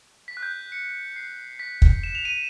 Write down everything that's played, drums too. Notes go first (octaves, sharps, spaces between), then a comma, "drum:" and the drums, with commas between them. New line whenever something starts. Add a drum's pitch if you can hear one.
B6
F#6
G6
C#7
C7
B6
drum: kick
E7
F7
D#7